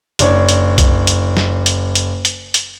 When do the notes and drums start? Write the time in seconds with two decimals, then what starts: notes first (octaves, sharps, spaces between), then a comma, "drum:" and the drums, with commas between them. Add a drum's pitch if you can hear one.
0.19 F#1 D4 C#5, drum: hi-hat
0.49 drum: hi-hat
0.78 drum: kick B1, hi-hat
1.07 drum: hi-hat
1.37 drum: snare
1.66 drum: hi-hat
1.95 drum: hi-hat
2.25 drum: hi-hat
2.54 drum: hi-hat